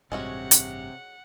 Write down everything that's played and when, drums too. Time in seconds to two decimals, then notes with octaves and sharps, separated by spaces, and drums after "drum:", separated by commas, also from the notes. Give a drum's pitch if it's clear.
0.12 A1 G2 C3 G#3 C#4 F#4 F#5
0.51 drum: hi-hat